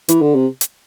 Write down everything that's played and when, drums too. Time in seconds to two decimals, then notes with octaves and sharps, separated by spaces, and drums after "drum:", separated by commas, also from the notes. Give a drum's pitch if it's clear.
0.09 E3, drum: hi-hat
0.21 D3
0.34 C3
0.61 drum: hi-hat